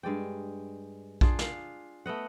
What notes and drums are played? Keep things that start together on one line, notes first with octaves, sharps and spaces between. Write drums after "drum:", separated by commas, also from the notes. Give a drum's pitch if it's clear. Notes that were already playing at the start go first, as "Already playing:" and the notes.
G2 G#3 D5 G5
D4 F4 G#4, drum: kick A#1
F5, drum: snare
A3 B3 D#5 F#5